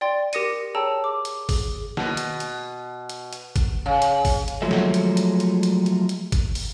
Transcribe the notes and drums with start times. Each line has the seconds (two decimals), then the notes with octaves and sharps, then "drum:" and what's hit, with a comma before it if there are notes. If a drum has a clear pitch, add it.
0.01 D5 G5 C6 A6
0.33 G4 A#4 D#6 A#6 C#7 D#7, drum: hi-hat
0.75 G#4 C#5 G5 A5 A#5 E6
1.04 D6
1.25 drum: hi-hat
1.49 G#4, drum: kick, open hi-hat
1.97 B2, drum: snare
2.17 drum: hi-hat
2.40 drum: hi-hat
3.09 drum: hi-hat
3.33 drum: hi-hat
3.56 drum: kick, hi-hat
3.86 C#3
4.02 drum: hi-hat
4.25 drum: kick, open hi-hat
4.48 drum: hi-hat
4.62 F3 F#3 G#3 A3
4.71 drum: snare
4.94 drum: hi-hat
5.17 drum: hi-hat
5.40 drum: hi-hat
5.63 drum: hi-hat
5.86 drum: hi-hat
6.09 drum: hi-hat
6.32 drum: kick, hi-hat
6.55 drum: open hi-hat